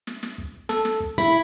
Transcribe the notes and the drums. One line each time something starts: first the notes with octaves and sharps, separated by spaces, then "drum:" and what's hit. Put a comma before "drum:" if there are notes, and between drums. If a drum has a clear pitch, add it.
drum: snare
drum: snare
drum: kick
A4, drum: snare
drum: snare
drum: kick
E4 B5